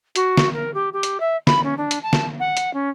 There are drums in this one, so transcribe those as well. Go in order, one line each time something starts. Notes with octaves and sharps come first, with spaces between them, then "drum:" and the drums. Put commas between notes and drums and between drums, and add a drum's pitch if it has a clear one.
F#4, drum: hi-hat
drum: snare
A#4
G4
G4
drum: hi-hat
E5
B5, drum: snare
C#4
D4
drum: hi-hat
A5
drum: snare
F#5
drum: hi-hat
C#4